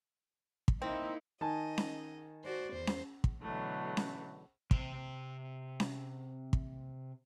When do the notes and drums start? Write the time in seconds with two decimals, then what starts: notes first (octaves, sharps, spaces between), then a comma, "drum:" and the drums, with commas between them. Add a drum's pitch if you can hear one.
0.68 drum: kick
0.82 A#3 C4 D#4 E4
1.41 D#3 D#5 G#5 A5
1.78 drum: snare C#4
2.45 F#4 C5 D5
2.73 E2 C5
2.87 drum: snare C#4
3.24 drum: kick
3.41 B2 D3 E3 F#3 A3
3.97 drum: snare C#4
4.71 C3 C5, drum: kick
5.80 drum: snare C#4
6.53 drum: kick